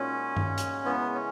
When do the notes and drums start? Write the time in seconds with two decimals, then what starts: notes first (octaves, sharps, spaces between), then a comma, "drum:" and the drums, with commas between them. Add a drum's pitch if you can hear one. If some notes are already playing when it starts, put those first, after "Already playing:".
Already playing: A#2 G#3 C#4 D#4 F#4
0.37 drum: tom G2
0.58 drum: hi-hat
0.85 C#3 E3 G#3 B3
1.14 C#4